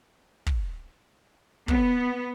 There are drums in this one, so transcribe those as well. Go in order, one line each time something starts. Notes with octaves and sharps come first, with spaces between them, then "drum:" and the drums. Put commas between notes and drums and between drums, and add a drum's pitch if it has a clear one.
drum: kick
B3, drum: kick